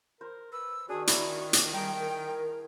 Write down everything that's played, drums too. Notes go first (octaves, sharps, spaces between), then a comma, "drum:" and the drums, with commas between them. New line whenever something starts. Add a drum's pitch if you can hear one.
A#4 C5
B4 E6
D#3 D4 F#4 G#4
E4 G#5 A#5 C#6, drum: hi-hat
drum: hi-hat
G3 G#4 G5 A#5
A#4